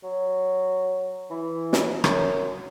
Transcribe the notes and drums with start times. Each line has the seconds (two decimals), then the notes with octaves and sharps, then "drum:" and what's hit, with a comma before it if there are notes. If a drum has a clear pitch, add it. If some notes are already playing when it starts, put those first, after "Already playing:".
0.03 F#3
1.30 E3
1.73 drum: snare
2.04 F#2, drum: rim click